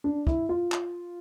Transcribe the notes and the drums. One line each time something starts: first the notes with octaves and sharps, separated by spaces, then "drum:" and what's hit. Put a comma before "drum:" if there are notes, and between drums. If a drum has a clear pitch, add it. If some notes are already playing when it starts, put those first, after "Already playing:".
D4
E4, drum: kick
F4
drum: clap